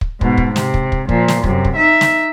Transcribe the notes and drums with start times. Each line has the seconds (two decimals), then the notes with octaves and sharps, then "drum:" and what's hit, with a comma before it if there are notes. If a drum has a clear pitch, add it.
0.01 drum: kick
0.21 G#2 B2, drum: kick
0.38 drum: kick
0.56 C3, drum: snare
0.74 drum: kick
0.92 drum: kick
1.09 A#2 F3, drum: kick
1.28 drum: snare
1.44 F#2 C3, drum: kick
1.65 drum: kick
1.76 D#4 E5
2.01 drum: snare